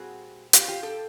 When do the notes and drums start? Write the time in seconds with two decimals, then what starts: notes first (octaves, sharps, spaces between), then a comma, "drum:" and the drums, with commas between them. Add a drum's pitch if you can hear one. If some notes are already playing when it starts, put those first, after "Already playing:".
Already playing: A#2 G3 C4 F#4 G#4
0.53 F4 G4, drum: hi-hat
0.68 F4 G4
0.83 G4 A4